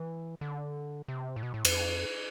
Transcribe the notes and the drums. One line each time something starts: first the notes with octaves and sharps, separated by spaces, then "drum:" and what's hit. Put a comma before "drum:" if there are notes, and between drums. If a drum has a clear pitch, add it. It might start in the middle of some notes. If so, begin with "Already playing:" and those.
Already playing: E3
D3
C3
A2
B2
A2
F2, drum: cymbal